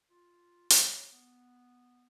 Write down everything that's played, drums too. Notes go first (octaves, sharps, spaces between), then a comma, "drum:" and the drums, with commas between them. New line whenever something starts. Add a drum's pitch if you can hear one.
F4
C#5, drum: hi-hat
B3